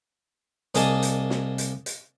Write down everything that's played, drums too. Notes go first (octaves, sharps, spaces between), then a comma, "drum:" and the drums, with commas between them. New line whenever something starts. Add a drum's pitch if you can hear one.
C2 A#3 G#4 D#5 A5, drum: hi-hat
drum: hi-hat
drum: snare
drum: hi-hat
drum: hi-hat